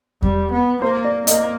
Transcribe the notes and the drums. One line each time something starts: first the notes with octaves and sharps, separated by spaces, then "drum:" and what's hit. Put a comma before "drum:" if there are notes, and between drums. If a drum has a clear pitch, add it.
G3, drum: kick E2
B3
A#3 C5
D5
A#3 D#5, drum: hi-hat